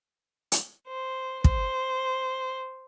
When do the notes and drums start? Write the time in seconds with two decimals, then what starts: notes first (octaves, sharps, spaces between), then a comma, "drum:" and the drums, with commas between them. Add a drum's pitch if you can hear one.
0.52 drum: hi-hat
0.86 C5
1.44 C5, drum: kick